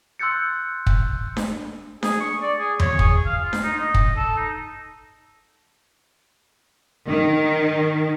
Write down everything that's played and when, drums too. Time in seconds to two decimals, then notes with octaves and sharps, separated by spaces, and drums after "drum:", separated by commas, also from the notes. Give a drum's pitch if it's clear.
0.19 C6 E6 F#6 G6 A6 C#7
0.87 drum: kick
1.37 drum: snare D4
2.03 G#4, drum: snare D4
2.20 C#6
2.42 D5
2.59 G#4
2.80 C#5, drum: tom E2
2.99 G#4, drum: kick
3.26 F5
3.42 F4
3.53 drum: snare D4
3.63 D#4
3.78 D#5
3.94 drum: kick
4.16 A4
4.36 D#4
7.08 D#3